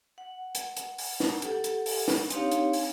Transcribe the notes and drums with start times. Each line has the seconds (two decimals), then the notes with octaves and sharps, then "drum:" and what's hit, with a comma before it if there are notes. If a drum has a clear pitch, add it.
0.18 F#5
0.55 drum: hi-hat
0.77 drum: hi-hat
0.98 drum: open hi-hat
1.20 drum: snare
1.42 G4 A4 F#5, drum: hi-hat
1.64 drum: hi-hat
1.86 drum: open hi-hat
2.08 drum: snare
2.30 C4 D4 D#4 G4 C#5 F5, drum: hi-hat
2.51 drum: hi-hat
2.73 drum: open hi-hat